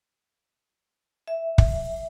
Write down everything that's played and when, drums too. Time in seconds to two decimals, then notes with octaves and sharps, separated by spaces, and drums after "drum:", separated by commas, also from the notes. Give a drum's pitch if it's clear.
1.28 E5
1.58 drum: kick